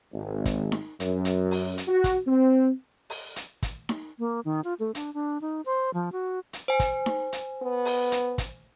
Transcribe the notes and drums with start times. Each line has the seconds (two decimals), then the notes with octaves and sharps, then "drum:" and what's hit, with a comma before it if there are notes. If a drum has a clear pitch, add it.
0.13 G#1
0.45 drum: kick, hi-hat
0.72 drum: snare D#4
1.00 F#2, drum: hi-hat
1.25 drum: hi-hat
1.51 drum: open hi-hat
1.78 drum: hi-hat
1.88 F#4
2.04 drum: kick, hi-hat
2.26 C4
3.10 drum: open hi-hat
3.36 drum: hi-hat
3.63 drum: kick, hi-hat
3.89 drum: snare D#4
4.19 A#3
4.45 D#3
4.64 F4
4.80 A3
4.95 D4, drum: hi-hat
5.14 D4
5.41 D#4
5.66 C5
5.94 F3
6.12 F#4
6.53 drum: hi-hat
6.68 C5 G#5
6.80 drum: kick, hi-hat
7.06 drum: snare D#4
7.32 drum: hi-hat
7.62 B3
7.85 drum: open hi-hat
8.12 drum: hi-hat
8.38 drum: kick, hi-hat